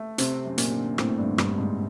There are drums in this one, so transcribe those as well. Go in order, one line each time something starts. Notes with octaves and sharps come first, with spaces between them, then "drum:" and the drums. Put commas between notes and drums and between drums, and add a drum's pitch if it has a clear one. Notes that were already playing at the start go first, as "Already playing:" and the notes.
Already playing: A3
C3 C4, drum: hi-hat
F#2
A#2, drum: hi-hat
D3
A2 C4, drum: rim click
G2
D3
G2, drum: rim click
D3
G#2